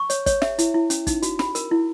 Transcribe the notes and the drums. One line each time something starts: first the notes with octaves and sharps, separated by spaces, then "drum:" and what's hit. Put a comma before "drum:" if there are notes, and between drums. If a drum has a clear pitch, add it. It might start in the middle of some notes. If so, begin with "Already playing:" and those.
Already playing: C#6
C#5, drum: hi-hat
C#5, drum: kick, hi-hat
E5, drum: snare
E4, drum: hi-hat
E4
C#4, drum: hi-hat
D#4, drum: kick, hi-hat
F#4, drum: hi-hat
B5, drum: snare
A#4, drum: hi-hat
E4